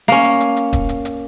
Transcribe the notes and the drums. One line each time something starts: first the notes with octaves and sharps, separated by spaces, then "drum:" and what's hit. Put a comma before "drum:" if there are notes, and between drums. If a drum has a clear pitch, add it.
A#3 C#4, drum: hi-hat
drum: hi-hat
drum: hi-hat
drum: hi-hat
drum: kick D#1, hi-hat
drum: hi-hat
drum: hi-hat